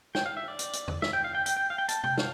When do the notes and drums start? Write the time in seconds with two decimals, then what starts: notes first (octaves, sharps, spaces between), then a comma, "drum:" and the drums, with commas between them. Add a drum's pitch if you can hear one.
0.15 G5, drum: snare
0.26 F5
0.37 E5
0.48 D5
0.59 drum: hi-hat
0.73 drum: hi-hat
0.88 drum: tom E2
1.02 E5, drum: snare
1.13 G5
1.24 F5
1.35 G5
1.46 G5, drum: hi-hat
1.57 G5
1.70 F5
1.78 G5
1.89 A5, drum: hi-hat
2.04 G5, drum: tom
2.18 F5, drum: snare